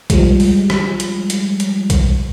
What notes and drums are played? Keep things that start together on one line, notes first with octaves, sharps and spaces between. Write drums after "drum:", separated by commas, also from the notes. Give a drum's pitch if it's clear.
F3 G3 G#3, drum: kick, hi-hat
drum: open hi-hat
drum: rim click
drum: hi-hat
drum: hi-hat
drum: hi-hat
drum: kick, hi-hat